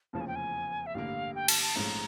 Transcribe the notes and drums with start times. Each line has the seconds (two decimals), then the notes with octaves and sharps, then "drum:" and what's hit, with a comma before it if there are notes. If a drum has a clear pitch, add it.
0.13 F1 E2 C#3 F3 A#3 A5
0.21 G#5
0.27 G5
0.36 G#5
0.86 E5
0.94 A1 G2 D3 G3 A#3 F5
1.35 G5
1.48 A5, drum: cymbal
1.62 A5
1.76 A#1 G#2 F3 A3 C#4 A#5